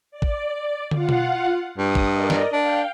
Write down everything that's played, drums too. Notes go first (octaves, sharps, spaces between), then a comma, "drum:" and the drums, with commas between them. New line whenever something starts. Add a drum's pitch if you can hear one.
D5
drum: kick A1
F4 F5 F#5, drum: tom
drum: tom B2
G2 D#6
drum: kick A1
A#4 D5 D#5
drum: snare
D4 F5 G5